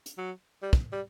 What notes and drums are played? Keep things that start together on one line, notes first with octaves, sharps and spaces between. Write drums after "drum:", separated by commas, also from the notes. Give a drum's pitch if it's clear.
drum: hi-hat
F#3
G3
drum: kick
G3